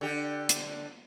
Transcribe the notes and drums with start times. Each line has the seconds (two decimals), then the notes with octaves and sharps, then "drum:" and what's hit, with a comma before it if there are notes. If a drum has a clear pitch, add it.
0.01 D3 G4
0.49 drum: hi-hat